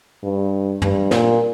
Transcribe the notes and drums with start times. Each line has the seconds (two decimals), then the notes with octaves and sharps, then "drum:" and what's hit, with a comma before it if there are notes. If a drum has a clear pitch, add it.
0.23 G2
0.82 G2, drum: tom
1.11 A#2, drum: snare